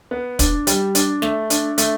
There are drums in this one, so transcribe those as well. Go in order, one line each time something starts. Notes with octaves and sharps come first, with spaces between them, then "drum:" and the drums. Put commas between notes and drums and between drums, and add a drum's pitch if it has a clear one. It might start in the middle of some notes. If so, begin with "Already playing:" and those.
B3
D4, drum: kick, hi-hat
G3, drum: hi-hat
D4, drum: hi-hat
A3, drum: snare
D4, drum: hi-hat
A3, drum: hi-hat